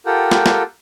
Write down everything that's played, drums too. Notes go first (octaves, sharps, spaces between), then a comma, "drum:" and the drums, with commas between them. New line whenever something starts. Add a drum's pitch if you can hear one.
F4 G4 A4 A#4 F#5 G5
drum: snare
drum: snare